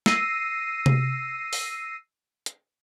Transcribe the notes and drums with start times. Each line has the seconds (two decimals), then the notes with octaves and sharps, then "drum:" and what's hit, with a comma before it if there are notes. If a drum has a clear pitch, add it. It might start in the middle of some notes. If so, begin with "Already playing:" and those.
0.06 E6 A#6 C7 D#7, drum: snare
0.86 drum: tom C3
1.53 drum: open hi-hat
2.46 drum: hi-hat